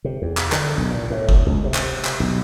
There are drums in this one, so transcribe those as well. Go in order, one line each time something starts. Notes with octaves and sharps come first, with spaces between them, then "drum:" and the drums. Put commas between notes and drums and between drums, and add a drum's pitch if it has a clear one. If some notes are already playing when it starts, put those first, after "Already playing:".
C3
E2
drum: clap
D3, drum: clap
B1
A#2
A2
drum: kick F#1
C#2
C3
drum: clap
drum: clap
B1